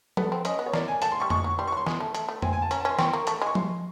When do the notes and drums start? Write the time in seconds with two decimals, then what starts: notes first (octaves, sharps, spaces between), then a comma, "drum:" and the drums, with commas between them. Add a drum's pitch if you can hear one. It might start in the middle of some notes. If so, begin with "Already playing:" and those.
0.17 B3 A4, drum: tom F3
0.32 C4
0.45 C#4 D#5, drum: hi-hat
0.59 B3
0.66 C#5
0.73 A#3 D5, drum: snare
0.88 G#5
1.02 A3 A5, drum: hi-hat
1.11 C6
1.20 G3 C#6
1.30 G#3 C#6, drum: tom F2
1.44 F#3
1.58 G3 C6
1.67 C#6
1.72 F#3 C6
1.86 G#3, drum: snare
2.00 A3
2.15 A3, drum: hi-hat
2.29 A3
2.42 C4 G#5, drum: tom F2
2.53 G#5
2.62 A5
2.71 C#4 A#5, drum: hi-hat
2.80 A5
2.85 C#4 C6
2.99 C4 C#6, drum: snare
3.13 A#3
3.27 A3 C#6, drum: hi-hat
3.42 G#3 C#6
3.55 C6, drum: tom F3